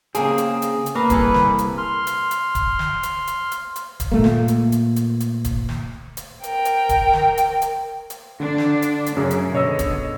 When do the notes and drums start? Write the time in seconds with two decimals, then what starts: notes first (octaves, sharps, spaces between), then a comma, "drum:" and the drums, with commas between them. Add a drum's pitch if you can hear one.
0.15 C#3 A#3 C4 G#4, drum: hi-hat
0.38 drum: hi-hat
0.62 drum: hi-hat
0.86 drum: hi-hat
0.95 A#3 B4
1.10 C2 G#4 A4, drum: kick D1, hi-hat
1.34 drum: snare
1.58 drum: hi-hat
1.78 C6 F6
2.07 drum: hi-hat
2.31 drum: hi-hat
2.55 drum: kick D1, hi-hat
2.79 drum: snare
3.03 drum: hi-hat
3.27 drum: hi-hat
3.51 drum: hi-hat
3.76 drum: hi-hat
4.00 drum: kick D1, hi-hat
4.12 A#2 A3 A#3
4.24 drum: snare
4.48 drum: hi-hat
4.72 drum: hi-hat
4.96 drum: hi-hat
5.20 drum: hi-hat
5.44 drum: kick D1, hi-hat
5.69 drum: snare
6.17 drum: hi-hat
6.44 A#4 G5, drum: hi-hat
6.65 drum: hi-hat
6.89 drum: kick D1, hi-hat
7.13 drum: snare
7.38 drum: hi-hat
7.62 drum: hi-hat
8.10 drum: hi-hat
8.40 D3 D4
8.58 drum: snare
8.82 drum: hi-hat
9.06 drum: hi-hat
9.17 F#2 C#3 G#4
9.31 drum: hi-hat
9.55 B2 D3 C#5 D#5 E6
9.79 drum: kick D1, hi-hat